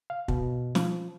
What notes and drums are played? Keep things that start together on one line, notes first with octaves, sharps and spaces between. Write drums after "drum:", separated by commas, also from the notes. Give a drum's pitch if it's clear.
F5
B2, drum: kick
F3, drum: snare